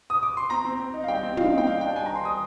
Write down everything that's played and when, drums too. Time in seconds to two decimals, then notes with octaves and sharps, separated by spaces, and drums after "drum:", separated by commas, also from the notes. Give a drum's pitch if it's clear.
0.10 D#6
0.23 D6
0.37 C6
0.50 C4 A#5
0.65 C4
0.80 C4
0.94 D#4
1.04 F5
1.08 G3 G5
1.23 C4
1.37 D#4 F5, drum: tom
1.52 D#4
1.58 G5
1.67 G3 F5
1.81 D4 G5
1.96 D4 G#5
2.06 A#5
2.11 D#3 C6
2.25 G3 D#6